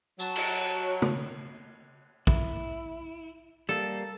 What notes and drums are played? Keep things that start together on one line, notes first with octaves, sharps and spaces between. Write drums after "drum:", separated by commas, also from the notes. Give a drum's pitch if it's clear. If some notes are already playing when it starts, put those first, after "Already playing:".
F#3 A5, drum: tambourine
drum: cymbal
drum: tom
E4, drum: kick
G3 A#3 A4